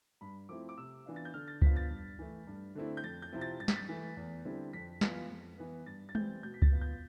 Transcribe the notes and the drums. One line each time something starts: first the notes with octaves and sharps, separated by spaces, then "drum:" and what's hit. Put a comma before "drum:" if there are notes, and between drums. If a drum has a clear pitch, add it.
G2 B5
F3 A3 C4 E4 D6
D6
C3 E6
E3 B3 D4 F4
A6
G6
D3 F6
A6
F3 B3 D4 F4 B6, drum: kick C#2
A6
G2
E3 A3
G2
D3 A3 C4 E4
G6
F2 A6
G6
C3 F3 C4 E4
A6
G2 A6
B6, drum: snare
A6
E3 A3
E2
D3 G3 C4 E4
F2 B6
E3 B3 F4, drum: snare
F2
E3 B3
G2 A6
A6
E3 G3 C4 G6, drum: tom G#3
B2 G6
B6
A6, drum: kick C#2
B3 F4
G6